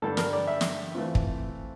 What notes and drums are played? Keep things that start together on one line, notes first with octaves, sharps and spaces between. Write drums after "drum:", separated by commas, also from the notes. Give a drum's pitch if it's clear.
G2 D3 G3 D4 A4
A#4, drum: snare
D5
E5
drum: snare
E3 A3 C4 F4
drum: kick